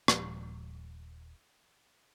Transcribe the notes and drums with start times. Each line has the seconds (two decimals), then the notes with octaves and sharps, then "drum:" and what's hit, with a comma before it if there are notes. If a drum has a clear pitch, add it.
0.08 D#1 A#2 F3 G#3, drum: rim click